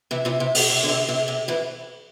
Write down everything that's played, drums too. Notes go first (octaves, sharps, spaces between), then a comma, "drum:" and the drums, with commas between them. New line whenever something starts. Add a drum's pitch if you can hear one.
C3 E3
C3 E3
C3
B2, drum: open hi-hat
C3
D3
C3
C3
C3
C3 E3